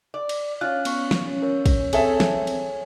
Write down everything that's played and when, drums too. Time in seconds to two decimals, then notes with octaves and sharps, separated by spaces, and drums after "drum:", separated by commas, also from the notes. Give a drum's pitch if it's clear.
0.14 D5
0.29 drum: cymbal
0.61 C#4 F4 F#6
0.85 B3 C#6, drum: cymbal
1.11 drum: snare
1.42 A#4 C#5
1.66 drum: kick, cymbal
1.93 C4 G#4 A4 C#5 E5 G#5, drum: cymbal
2.20 drum: snare
2.47 drum: cymbal